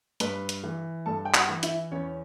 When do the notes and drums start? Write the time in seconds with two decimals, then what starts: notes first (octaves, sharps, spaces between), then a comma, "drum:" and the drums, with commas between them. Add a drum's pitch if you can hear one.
0.20 G2 B4 B5, drum: hi-hat
0.49 drum: hi-hat
0.63 E3
1.06 G2 A4 A5
1.25 G5
1.34 F#4 F#5, drum: clap
1.49 E3
1.63 E4 E5, drum: hi-hat
1.91 E2 C#4 C#5